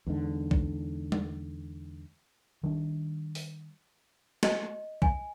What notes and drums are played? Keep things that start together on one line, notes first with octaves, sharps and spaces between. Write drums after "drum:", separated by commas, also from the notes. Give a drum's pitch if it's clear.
E2 G#2 D3
drum: kick
drum: tom
D#3 G3 D4
drum: open hi-hat
D#5, drum: snare
G#5, drum: kick